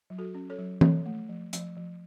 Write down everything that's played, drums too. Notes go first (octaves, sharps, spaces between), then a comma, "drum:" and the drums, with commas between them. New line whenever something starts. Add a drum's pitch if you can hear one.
F#3
F#4 A4
C#4
A4 C#5
F#3
F3 A4 C#5, drum: tom E3
A3
F3
F3, drum: hi-hat
F3